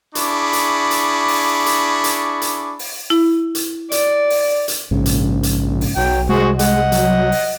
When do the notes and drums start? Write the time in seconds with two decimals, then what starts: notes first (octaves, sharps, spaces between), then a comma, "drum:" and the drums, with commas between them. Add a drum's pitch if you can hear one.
0.15 D4 E4 G#4 B5 C#6 D6, drum: hi-hat
0.53 drum: hi-hat
0.91 drum: hi-hat
1.28 drum: open hi-hat
1.66 drum: hi-hat
2.04 drum: hi-hat
2.42 drum: hi-hat
2.79 drum: open hi-hat
3.10 E4
3.55 drum: hi-hat
3.92 D5, drum: hi-hat
4.30 drum: open hi-hat
4.68 drum: hi-hat
4.91 A#1 G#2 C#3
5.06 drum: hi-hat
5.43 drum: hi-hat
5.81 drum: open hi-hat
5.97 B1 F#3 G5
6.29 C2 G#3 F#4 G#4 C5
6.59 G#3 D#5 F#5, drum: hi-hat
6.92 F#3, drum: hi-hat
7.32 drum: open hi-hat